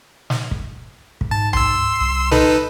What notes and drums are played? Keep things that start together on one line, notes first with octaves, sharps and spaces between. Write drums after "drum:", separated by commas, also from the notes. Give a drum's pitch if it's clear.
drum: snare
drum: kick
drum: kick
G#2 A5
C6 E6, drum: tom C#2
C2
D#4 A4 B4, drum: snare